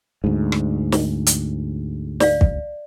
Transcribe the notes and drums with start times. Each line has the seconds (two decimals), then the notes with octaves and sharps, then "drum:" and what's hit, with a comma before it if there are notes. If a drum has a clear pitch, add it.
0.24 D2 G#2
0.52 drum: rim click
0.92 drum: snare
1.26 drum: hi-hat
2.20 D5 F5, drum: snare
2.41 drum: kick